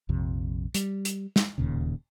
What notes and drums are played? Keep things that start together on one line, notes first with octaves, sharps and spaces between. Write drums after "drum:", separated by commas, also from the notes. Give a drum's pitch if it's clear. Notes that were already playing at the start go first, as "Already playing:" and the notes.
A#1 F2 C3
G3, drum: hi-hat
drum: hi-hat
drum: snare
D1 D#2 A#2 C#3